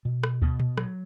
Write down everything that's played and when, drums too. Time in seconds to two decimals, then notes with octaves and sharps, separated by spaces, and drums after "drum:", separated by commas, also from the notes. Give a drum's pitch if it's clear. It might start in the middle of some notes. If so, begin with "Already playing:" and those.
0.05 B2
0.23 drum: rim click
0.42 B2, drum: kick D2
0.60 drum: tom A#2
0.77 F#3, drum: rim click